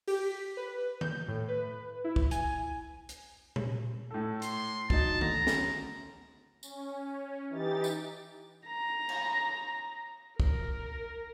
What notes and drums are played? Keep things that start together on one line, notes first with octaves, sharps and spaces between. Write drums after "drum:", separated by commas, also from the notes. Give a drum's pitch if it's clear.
G4, drum: open hi-hat
B6
B4
G6, drum: tom D#3
A2
B4
E4
drum: kick
G#5, drum: hi-hat
drum: hi-hat
drum: tom A#2
A2 A4
C6, drum: hi-hat
F#3 D#4 A5, drum: kick
D2 A#5, drum: tom D#3
drum: snare
C#4, drum: tambourine
E3 D#4 G4 A6
drum: tambourine
A#5
drum: cymbal
A#4, drum: kick